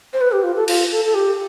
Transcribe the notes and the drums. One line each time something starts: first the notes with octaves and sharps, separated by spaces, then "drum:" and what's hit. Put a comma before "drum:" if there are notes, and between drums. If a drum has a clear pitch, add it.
C5
B4
G4
F4
A4
F4, drum: cymbal
A4
A4
G4